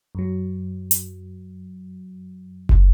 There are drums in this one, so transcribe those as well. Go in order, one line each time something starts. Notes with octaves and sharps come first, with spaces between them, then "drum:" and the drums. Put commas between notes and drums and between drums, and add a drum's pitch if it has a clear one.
F#2 F#3
drum: hi-hat
drum: kick F#1